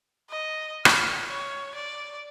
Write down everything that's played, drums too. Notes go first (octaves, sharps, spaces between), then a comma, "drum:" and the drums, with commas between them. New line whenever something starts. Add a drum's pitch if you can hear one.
D#5
F6, drum: rim click
C#5
D5